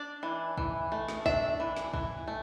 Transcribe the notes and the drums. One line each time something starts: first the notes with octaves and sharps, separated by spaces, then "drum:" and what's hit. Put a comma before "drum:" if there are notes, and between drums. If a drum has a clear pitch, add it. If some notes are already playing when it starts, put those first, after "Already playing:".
Already playing: D4 D5
E3
E3, drum: kick
A3
drum: snare
D4 E5, drum: kick
E3
drum: snare
E3, drum: kick
A3